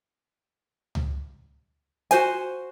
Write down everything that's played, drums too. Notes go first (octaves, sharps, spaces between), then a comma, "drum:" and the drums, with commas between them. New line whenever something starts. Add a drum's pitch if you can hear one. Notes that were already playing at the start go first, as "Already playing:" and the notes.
drum: tom C#2
F#4 C5 G#5, drum: hi-hat